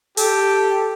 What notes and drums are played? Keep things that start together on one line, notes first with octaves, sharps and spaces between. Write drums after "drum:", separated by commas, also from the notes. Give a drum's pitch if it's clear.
G4 A4, drum: open hi-hat